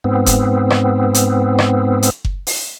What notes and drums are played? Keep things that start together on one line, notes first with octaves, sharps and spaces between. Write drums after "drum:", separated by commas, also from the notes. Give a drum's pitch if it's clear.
G#2 B3 C4
drum: kick F#1, hi-hat
drum: rim click
drum: hi-hat
drum: rim click
drum: hi-hat
drum: kick F#1
drum: open hi-hat